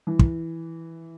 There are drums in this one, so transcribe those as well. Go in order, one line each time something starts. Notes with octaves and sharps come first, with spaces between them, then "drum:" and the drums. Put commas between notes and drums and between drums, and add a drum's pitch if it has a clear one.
E3
drum: kick